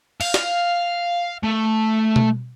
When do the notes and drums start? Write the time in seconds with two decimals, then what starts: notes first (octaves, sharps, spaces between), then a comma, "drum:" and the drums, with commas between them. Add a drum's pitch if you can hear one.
0.21 F5, drum: cymbal
0.34 drum: snare
1.44 A3
2.16 drum: tom B2